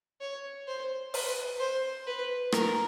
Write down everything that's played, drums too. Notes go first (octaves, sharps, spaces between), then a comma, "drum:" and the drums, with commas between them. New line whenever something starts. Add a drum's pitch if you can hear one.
C#5
C5
B4, drum: open hi-hat
C5
B4
A#4, drum: rim click